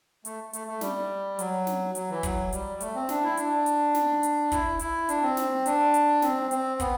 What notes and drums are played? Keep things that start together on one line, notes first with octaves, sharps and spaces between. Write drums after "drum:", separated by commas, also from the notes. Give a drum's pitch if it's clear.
A3, drum: hi-hat
A3, drum: hi-hat
A3
G3, drum: snare
F#3, drum: hi-hat
drum: snare
F#3, drum: hi-hat
E3
F#3, drum: kick, hi-hat
G3, drum: hi-hat
A3, drum: hi-hat
C4
D4, drum: snare
E4
D4, drum: hi-hat
drum: hi-hat
drum: snare
drum: hi-hat
E4, drum: kick, hi-hat
E4, drum: hi-hat
D4, drum: hi-hat
C4
drum: snare
D4, drum: hi-hat
drum: hi-hat
C4, drum: snare
C4, drum: hi-hat
B3, drum: kick, hi-hat